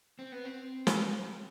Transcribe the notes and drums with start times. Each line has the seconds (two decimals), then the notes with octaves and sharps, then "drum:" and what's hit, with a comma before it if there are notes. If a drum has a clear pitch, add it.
0.19 C4
0.32 B3
0.45 C4
0.87 drum: snare